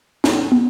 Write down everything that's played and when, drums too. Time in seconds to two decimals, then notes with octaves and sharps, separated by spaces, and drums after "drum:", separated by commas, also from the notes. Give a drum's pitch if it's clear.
0.24 D#4, drum: snare
0.52 B3